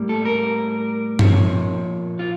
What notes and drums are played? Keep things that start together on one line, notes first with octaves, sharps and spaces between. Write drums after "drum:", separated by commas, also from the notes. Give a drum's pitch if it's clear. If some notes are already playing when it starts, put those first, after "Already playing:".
Already playing: A2 G3 A#3
A4
A#4
A#2 F3 A#3 C#5, drum: tom G2
F4